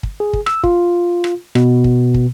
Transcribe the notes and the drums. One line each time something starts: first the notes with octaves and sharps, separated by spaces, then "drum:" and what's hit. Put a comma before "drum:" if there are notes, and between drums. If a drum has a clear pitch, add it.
drum: kick
G#4
drum: kick
E6, drum: rim click
F4, drum: kick
drum: rim click
B2, drum: rim click
drum: kick
drum: kick